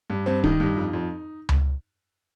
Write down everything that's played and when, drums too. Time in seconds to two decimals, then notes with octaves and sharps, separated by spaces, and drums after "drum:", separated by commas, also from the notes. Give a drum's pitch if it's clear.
0.10 G2
0.26 G2 C4
0.44 D#3 D#4, drum: kick D1
0.60 G2
0.77 F2
0.93 F2
1.49 drum: tom C#2